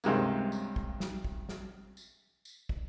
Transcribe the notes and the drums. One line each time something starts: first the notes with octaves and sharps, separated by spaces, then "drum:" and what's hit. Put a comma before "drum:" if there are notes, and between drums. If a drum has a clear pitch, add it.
C#2 G2 C3 G#3 A#3, drum: tambourine
drum: tambourine
drum: kick
drum: snare
drum: kick
drum: snare
drum: tambourine
drum: tambourine
drum: kick